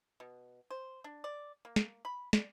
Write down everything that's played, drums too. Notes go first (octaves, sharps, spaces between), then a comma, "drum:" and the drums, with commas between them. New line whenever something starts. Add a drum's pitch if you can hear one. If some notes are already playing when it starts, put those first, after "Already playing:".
B2
C5
D4
D5
A#3
drum: snare
B5
D5, drum: snare